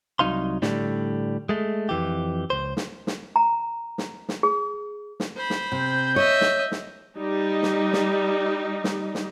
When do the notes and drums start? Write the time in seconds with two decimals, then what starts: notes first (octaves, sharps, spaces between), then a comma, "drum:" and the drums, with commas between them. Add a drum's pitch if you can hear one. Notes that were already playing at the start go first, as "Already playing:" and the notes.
0.19 C2 G#2 F#3 D#4 F5 C6
0.62 A2 D3 G3, drum: snare
1.49 G#3 A3
1.89 F2 E3 G4
2.50 C#2 C5
2.77 drum: snare
3.07 drum: snare
3.36 A#5
3.98 drum: snare
4.29 drum: snare
4.43 G#4
5.20 drum: snare
5.36 C5 B5
5.50 drum: snare
5.72 C3 G6
6.16 C#5 D#5 E5
6.41 drum: snare
6.72 drum: snare
7.17 G3 D#4
7.63 drum: snare
7.93 drum: snare
8.84 drum: snare
9.15 drum: snare